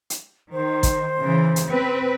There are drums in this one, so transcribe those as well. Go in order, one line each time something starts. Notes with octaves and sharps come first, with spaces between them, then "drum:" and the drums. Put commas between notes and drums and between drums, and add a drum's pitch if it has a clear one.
drum: hi-hat
D#3 C5
drum: kick, hi-hat
C#3 E3
drum: hi-hat
C4 B4